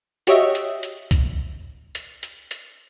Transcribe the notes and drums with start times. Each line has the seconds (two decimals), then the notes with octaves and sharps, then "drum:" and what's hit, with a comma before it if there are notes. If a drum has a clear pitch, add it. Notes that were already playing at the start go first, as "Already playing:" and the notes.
0.27 F#4 G4 C#5 D#5 E5, drum: hi-hat
0.55 drum: hi-hat
0.83 drum: hi-hat
1.11 drum: kick, hi-hat
1.95 drum: hi-hat
2.23 drum: hi-hat
2.51 drum: hi-hat